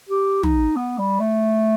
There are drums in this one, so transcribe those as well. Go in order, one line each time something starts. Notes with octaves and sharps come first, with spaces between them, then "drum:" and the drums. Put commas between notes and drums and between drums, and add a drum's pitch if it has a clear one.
G4
D#4, drum: tom
B3
G3
A3